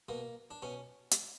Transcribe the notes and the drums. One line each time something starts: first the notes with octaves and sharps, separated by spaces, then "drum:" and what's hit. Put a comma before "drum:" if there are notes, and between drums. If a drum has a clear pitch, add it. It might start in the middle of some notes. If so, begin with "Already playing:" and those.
B2 A#3
D4
B2 C#4
drum: hi-hat